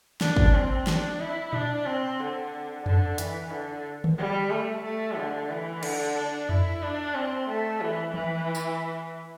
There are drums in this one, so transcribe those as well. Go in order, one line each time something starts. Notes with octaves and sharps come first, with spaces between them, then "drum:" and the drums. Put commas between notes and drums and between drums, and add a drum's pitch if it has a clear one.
D4, drum: snare
drum: kick
C4
D4, drum: snare
E4
D4, drum: tom A#2
C4
D3
D3, drum: tom F2
E3, drum: hi-hat
D3
drum: tom D3
G3
A3
A3
D3
E3
D3, drum: cymbal
D4
E4, drum: tom F2
D4
C4
A3
E3
E3, drum: tom E3
drum: tambourine